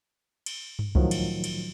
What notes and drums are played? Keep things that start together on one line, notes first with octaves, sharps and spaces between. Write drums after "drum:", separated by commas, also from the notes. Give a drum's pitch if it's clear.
drum: cymbal
drum: tom G2
A2 D#3 F3 F#3, drum: kick C2
drum: cymbal
drum: cymbal